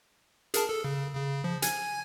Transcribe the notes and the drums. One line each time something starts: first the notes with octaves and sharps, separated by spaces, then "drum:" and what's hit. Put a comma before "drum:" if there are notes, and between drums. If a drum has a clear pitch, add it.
G#4 A#4 A5, drum: hi-hat
A4
C#3
C#3
F3
G#5 G#6, drum: hi-hat